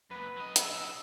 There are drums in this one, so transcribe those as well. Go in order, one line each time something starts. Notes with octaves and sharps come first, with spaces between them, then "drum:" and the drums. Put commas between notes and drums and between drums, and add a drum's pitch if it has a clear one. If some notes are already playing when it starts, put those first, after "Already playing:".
F#2 A#2 B4
F#3 D#5
E6, drum: hi-hat